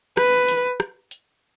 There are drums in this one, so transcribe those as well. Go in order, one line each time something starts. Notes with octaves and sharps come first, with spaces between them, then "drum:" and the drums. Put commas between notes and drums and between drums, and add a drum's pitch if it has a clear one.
B4, drum: rim click
drum: hi-hat
drum: rim click
drum: hi-hat